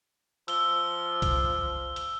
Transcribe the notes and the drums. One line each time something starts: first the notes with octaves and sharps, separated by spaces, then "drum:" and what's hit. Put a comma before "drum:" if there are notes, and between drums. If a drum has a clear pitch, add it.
F3 E6 G7, drum: hi-hat
drum: kick C2, hi-hat
drum: hi-hat